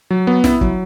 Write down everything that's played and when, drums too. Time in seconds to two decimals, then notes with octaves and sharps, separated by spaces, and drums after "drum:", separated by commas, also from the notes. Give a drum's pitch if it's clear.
0.11 F#3
0.27 B3
0.44 E4, drum: snare
0.61 F#3, drum: kick